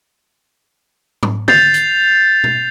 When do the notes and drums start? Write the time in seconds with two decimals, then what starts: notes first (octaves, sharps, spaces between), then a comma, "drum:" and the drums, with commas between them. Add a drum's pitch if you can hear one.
1.23 drum: tom G#2
1.48 G6 A6 C7 F7, drum: tom
1.74 drum: hi-hat
2.44 drum: tom B2